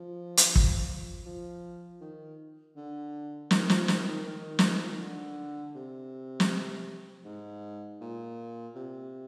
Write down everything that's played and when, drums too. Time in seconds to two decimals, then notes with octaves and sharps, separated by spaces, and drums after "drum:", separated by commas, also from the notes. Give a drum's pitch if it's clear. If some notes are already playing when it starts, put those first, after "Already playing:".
Already playing: F3
0.37 drum: hi-hat
0.56 drum: kick
1.26 F3
2.01 D#3
2.76 D3
3.51 D#3, drum: snare
3.70 F3, drum: snare
3.88 D#3, drum: snare
4.07 D#3
4.26 D#3
4.59 drum: snare
4.79 F3
4.90 D#3
5.01 D3
5.75 C3
6.40 drum: snare
7.25 G#2
8.01 A#2
8.75 C3